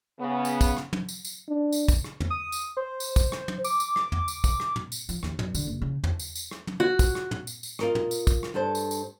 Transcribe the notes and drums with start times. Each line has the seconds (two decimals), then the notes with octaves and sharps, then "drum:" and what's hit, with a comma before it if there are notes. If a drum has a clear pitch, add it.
0.20 C#3 B3
0.45 drum: tambourine
0.61 drum: kick, tambourine
0.77 drum: rim click
0.93 drum: tom
1.09 drum: tambourine
1.25 drum: tambourine
1.48 D4
1.72 drum: tambourine
1.88 drum: kick, tambourine
2.04 drum: rim click
2.20 drum: tom
2.30 D#6
2.52 drum: tambourine
2.77 C5
3.00 drum: tambourine
3.16 drum: kick, tambourine
3.32 drum: rim click
3.48 drum: tom
3.64 D6, drum: tambourine
3.80 drum: tambourine
3.96 drum: rim click
4.12 drum: tom
4.28 drum: tambourine
4.44 drum: kick, tambourine
4.60 drum: rim click
4.76 drum: tom
4.92 drum: tambourine
5.09 F3, drum: tambourine
5.23 D#2, drum: rim click
5.39 F#2, drum: tom
5.55 D3, drum: tambourine
5.67 F#1
5.82 C#3
6.04 drum: tom
6.19 drum: tambourine
6.35 drum: tambourine
6.51 drum: rim click
6.67 drum: tom
6.80 F#4
6.99 drum: kick, tambourine
7.15 drum: rim click
7.31 drum: tom
7.47 drum: tambourine
7.63 drum: tambourine
7.79 F4 A#4 D#5, drum: rim click
7.95 drum: tom
8.11 drum: tambourine
8.27 drum: kick, tambourine
8.43 drum: rim click
8.54 G2 D4 A4 C5 A5
8.75 drum: tambourine
8.91 drum: tambourine